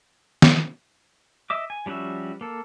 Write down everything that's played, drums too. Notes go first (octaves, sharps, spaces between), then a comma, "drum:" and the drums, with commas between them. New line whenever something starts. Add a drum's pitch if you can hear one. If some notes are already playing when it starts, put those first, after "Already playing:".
drum: snare
D#5 E5 D6
G#5
F3 G3 C#4 F#4 E5
A#3 A4